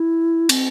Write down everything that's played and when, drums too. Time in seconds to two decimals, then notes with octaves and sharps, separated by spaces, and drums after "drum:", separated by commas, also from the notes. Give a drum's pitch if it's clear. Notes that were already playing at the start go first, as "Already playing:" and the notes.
Already playing: E4
0.49 C4, drum: cymbal